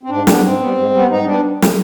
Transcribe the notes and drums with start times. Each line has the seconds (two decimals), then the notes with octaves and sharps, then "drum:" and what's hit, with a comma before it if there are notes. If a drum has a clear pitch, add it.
0.03 C4
0.10 G#2 D4
0.27 G3 B3 D4, drum: snare
0.44 G#2 C4
0.60 G3 B3
0.77 G#2
0.93 G3 B3
1.10 G#2 D#4
1.26 G3 B3 D4
1.62 drum: snare